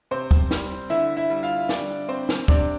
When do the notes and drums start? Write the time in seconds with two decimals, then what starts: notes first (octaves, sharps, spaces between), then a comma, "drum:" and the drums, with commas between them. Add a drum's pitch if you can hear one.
0.11 C3 C4 C5
0.31 drum: kick
0.51 G3, drum: snare
0.90 D3 E4 E5
1.17 E4 E5
1.30 G3
1.43 F4 F5
1.69 G3 D4 D5, drum: snare
2.09 C4 C5
2.29 drum: snare
2.48 C3 D4 D5, drum: kick